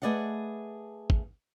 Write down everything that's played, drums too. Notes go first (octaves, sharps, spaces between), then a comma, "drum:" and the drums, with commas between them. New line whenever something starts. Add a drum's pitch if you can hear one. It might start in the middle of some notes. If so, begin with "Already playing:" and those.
A3 G#4 B4 D5 D#5 F#5
drum: kick G#1